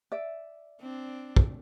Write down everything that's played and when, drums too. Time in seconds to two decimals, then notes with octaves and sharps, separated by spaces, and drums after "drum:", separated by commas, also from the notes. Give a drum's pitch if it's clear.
0.12 D5 E5
0.81 C4 D4
1.36 drum: kick